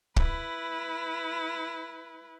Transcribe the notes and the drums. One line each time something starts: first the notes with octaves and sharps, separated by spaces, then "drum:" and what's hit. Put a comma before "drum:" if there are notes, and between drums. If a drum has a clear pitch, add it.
E4 B4, drum: kick